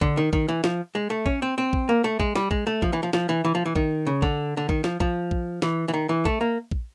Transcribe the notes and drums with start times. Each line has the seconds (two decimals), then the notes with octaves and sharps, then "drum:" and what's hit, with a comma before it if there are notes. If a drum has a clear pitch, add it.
0.01 D3, drum: kick A#1
0.17 D#3
0.33 D#3, drum: kick A#1
0.48 E3
0.64 F3, drum: snare
0.95 G#3
1.10 A3
1.26 C#4, drum: kick A#1
1.42 C4
1.58 C4
1.73 drum: kick A#1
1.89 A#3
2.04 A3
2.20 G#3, drum: kick A#1
2.35 G3, drum: snare
2.51 G#3, drum: kick A#1
2.67 A3
2.82 F3, drum: kick A#1
2.93 E3
3.03 F3
3.13 F3, drum: snare
3.29 E3
3.45 E3
3.55 F3
3.66 E3
3.76 D#3, drum: kick A#1
4.07 C#3
4.22 D3, drum: kick A#1
4.57 D3
4.69 D#3, drum: kick A#1
4.84 F3, drum: snare
5.00 F3, drum: kick A#1
5.31 drum: kick A#1
5.62 E3, drum: snare
5.88 E3
5.94 D#3
6.09 E3
6.25 A3, drum: kick A#1
6.41 A#3
6.71 drum: kick A#1